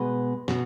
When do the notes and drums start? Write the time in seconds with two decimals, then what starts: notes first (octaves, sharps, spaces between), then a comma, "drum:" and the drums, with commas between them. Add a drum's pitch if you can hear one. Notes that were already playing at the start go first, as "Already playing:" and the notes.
Already playing: B2 G#3 B3 B4
0.48 B2, drum: snare